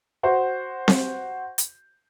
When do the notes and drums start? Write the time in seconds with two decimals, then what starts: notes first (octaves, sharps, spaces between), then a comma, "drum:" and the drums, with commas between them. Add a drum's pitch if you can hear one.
0.23 F#4 C5
0.88 drum: snare C4
1.58 drum: hi-hat